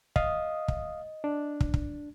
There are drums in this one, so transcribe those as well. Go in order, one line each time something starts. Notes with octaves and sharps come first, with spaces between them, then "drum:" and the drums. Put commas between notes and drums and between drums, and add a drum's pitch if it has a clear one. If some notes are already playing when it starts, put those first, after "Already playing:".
D#5 F5 D#6, drum: kick
drum: kick
D4
drum: kick
drum: kick